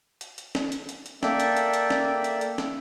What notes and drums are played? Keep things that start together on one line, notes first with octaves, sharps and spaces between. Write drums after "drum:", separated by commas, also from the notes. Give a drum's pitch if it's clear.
drum: hi-hat
drum: hi-hat
drum: snare
drum: hi-hat
drum: hi-hat
drum: hi-hat
A#3 A4 D5 E5 G5, drum: snare
drum: hi-hat
drum: hi-hat
drum: hi-hat
drum: snare
drum: hi-hat
drum: hi-hat
drum: snare